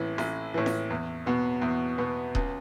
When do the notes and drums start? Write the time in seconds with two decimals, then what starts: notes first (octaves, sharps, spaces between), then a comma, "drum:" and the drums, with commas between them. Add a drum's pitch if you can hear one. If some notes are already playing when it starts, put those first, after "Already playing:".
Already playing: A1 A2 E3
0.18 A1, drum: snare
0.54 A2 E3
0.66 drum: snare
0.90 E2
1.26 B2 B3
1.62 E2
1.98 B2 B3
2.35 C#2, drum: kick D#1